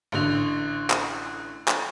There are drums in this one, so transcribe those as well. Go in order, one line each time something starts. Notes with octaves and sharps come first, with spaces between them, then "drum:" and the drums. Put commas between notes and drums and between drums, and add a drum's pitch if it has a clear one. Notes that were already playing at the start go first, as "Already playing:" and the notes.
A1 D3 F7
drum: clap
drum: clap